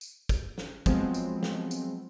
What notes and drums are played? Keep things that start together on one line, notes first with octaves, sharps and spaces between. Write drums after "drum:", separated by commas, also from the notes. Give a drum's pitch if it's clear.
drum: tambourine
drum: kick, tambourine
drum: snare
F3 F#3 G#3 B3 C4, drum: kick, tambourine
drum: tambourine
drum: snare
drum: tambourine